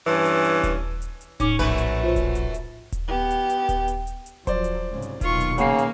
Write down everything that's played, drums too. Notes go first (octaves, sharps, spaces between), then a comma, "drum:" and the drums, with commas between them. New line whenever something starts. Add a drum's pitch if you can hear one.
G2 E3 C#4
drum: hi-hat
drum: hi-hat
drum: kick D#1, hi-hat
drum: hi-hat
drum: hi-hat
A2 C#4 D#4 D6, drum: kick D#1, hi-hat
A#1 F#2 A3 B4 G#5, drum: hi-hat
drum: hi-hat
F4 C5
drum: kick D#1, hi-hat
drum: hi-hat
drum: hi-hat
drum: kick D#1, hi-hat
B3 G4
drum: hi-hat
drum: hi-hat
drum: kick D#1, hi-hat
drum: hi-hat
drum: hi-hat
drum: hi-hat
F3 F#3 C5 D5, drum: kick D#1, hi-hat
drum: hi-hat
C2 G#2 C#3
drum: hi-hat
B1 A#2 D#3 F4 C#6, drum: kick D#1, hi-hat
drum: hi-hat
C#3 A#3 F#5 C7, drum: hi-hat
drum: hi-hat